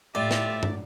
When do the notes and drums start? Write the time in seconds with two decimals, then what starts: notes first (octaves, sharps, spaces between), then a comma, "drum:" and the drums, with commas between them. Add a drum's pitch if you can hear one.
0.15 A2 F4 G4 D5 E5
0.31 drum: snare
0.63 drum: tom